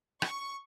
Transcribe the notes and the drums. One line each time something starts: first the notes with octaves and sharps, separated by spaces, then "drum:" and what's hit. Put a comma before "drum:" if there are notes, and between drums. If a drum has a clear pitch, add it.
C#6, drum: rim click